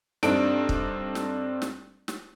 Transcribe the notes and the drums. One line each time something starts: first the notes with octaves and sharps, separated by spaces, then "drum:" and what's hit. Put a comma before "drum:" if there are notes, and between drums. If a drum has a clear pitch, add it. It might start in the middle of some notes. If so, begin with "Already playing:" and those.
G2 C4 D4 D#4 A4 D7, drum: snare
drum: kick
drum: snare
drum: snare
drum: snare